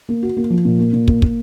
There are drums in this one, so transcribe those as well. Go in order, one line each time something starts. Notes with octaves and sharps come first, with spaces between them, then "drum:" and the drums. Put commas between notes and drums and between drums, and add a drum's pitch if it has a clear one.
A#3
F#4
A#3
F3
A#2
A#3
A#2
A#3, drum: kick
A#3, drum: kick